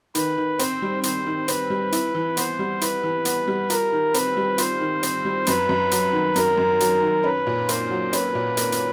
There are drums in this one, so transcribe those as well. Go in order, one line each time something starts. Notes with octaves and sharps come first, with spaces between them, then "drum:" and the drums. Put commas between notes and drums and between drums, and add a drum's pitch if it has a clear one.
D#3 B4, drum: hi-hat
D#3
C4 C5, drum: hi-hat
G3
D#3 C5, drum: hi-hat
D#3
C4 B4, drum: hi-hat
G3
E4, drum: hi-hat
E3
B3 C5, drum: hi-hat
G3
E4 B4, drum: hi-hat
E3
B3, drum: hi-hat
G3
F4 A#4, drum: hi-hat
D#3
C4 B4, drum: hi-hat
G3
F4 C5, drum: hi-hat
D#3
C4, drum: hi-hat
G3
F#2 B4, drum: hi-hat
F#2
F#3, drum: hi-hat
D#3
F#2 A#4, drum: hi-hat
F#2
F#3, drum: hi-hat
D#3
C#4 B4
A#2
A#3 C5, drum: hi-hat
F#3
C#4 B4, drum: hi-hat
A#2
A#3, drum: hi-hat
drum: hi-hat